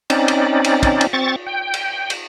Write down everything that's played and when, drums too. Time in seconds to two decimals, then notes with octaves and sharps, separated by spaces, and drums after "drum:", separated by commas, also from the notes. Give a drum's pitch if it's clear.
0.10 C4 C#4 D#4 D5, drum: cymbal
0.28 drum: cymbal
0.64 drum: cymbal
0.83 drum: kick, cymbal
1.01 drum: cymbal
1.13 C4 C#6 A6
1.47 G5
1.74 drum: cymbal
2.10 drum: cymbal